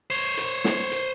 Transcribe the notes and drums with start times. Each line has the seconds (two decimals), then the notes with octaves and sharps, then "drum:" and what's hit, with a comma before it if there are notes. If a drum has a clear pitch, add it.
0.10 C5 C#5
0.37 drum: hi-hat
0.65 drum: snare
0.92 drum: hi-hat